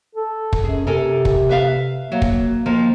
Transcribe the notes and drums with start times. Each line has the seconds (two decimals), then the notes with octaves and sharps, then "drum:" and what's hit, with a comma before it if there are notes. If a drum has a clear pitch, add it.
0.15 A4
0.53 drum: kick
0.64 F#2 G#4
0.87 C3 A4 A#4 G#5
1.25 drum: kick
1.49 B4 E5 F5
2.12 F#3 A#3
2.22 drum: kick
2.66 D#3 F3 A#3